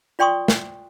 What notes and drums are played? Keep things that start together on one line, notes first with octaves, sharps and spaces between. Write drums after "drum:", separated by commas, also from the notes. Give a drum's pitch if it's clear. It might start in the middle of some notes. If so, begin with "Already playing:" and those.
F4 D5 G5 C6 C#6 D#6
drum: snare